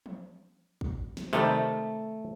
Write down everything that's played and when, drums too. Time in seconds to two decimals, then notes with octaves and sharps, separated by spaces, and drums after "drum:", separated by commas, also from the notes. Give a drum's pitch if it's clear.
0.06 drum: tom E3
0.81 drum: kick
1.17 drum: snare
1.33 C3 D#3 G3 A3, drum: tambourine